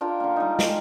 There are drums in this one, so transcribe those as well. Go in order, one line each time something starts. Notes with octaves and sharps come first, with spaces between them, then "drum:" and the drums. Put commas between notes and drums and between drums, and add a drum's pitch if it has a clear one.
D4 F4 A#4 G5
D3 A#3
G3 G#3 D#4
drum: snare